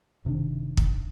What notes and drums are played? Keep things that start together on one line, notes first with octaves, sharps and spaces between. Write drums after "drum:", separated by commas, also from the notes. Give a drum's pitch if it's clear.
F#1 C3 D#3 D4
drum: kick